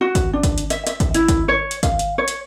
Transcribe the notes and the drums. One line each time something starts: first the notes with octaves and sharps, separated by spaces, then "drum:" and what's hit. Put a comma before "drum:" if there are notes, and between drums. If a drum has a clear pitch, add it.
F#4
drum: kick, hi-hat
D4
drum: kick, hi-hat
drum: hi-hat
E5, drum: hi-hat
E5, drum: hi-hat
drum: kick, hi-hat
E4, drum: hi-hat
drum: kick, hi-hat
C#5
drum: hi-hat
F5, drum: kick, hi-hat
drum: hi-hat
C#5
drum: hi-hat